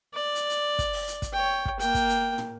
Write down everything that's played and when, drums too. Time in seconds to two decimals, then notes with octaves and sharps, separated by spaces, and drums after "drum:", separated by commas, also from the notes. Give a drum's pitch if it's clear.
0.14 D5
0.35 drum: hi-hat
0.50 drum: hi-hat
0.79 drum: kick, hi-hat
0.93 drum: open hi-hat
1.08 drum: hi-hat
1.22 drum: kick, hi-hat
1.33 C#5 G5
1.65 drum: kick
1.80 A#3 G5, drum: hi-hat
1.94 drum: kick, hi-hat
2.09 drum: hi-hat
2.38 drum: tom